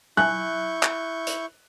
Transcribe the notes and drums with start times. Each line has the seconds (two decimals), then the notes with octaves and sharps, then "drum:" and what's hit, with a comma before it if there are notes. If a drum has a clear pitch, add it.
0.17 E4 E5 G#5 C#6 F#6 G6, drum: tom F#3
0.83 drum: clap
1.27 drum: hi-hat